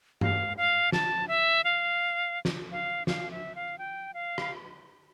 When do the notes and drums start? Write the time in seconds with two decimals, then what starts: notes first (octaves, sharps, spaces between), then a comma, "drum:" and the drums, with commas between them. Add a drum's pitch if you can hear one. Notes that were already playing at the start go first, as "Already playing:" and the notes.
0.21 F5, drum: tom G2
0.57 F5
0.92 A5, drum: snare
1.28 E5
1.64 F5
2.45 drum: snare
2.72 F5
3.07 F5, drum: snare
3.31 E5
3.55 F5
3.78 G5
4.14 F5
4.38 drum: rim click